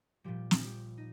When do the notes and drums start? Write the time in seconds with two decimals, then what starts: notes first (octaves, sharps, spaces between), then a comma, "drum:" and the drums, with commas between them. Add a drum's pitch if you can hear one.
0.24 A#2 F3 G3 G4
0.51 drum: snare
0.64 G3 G4
0.98 D#4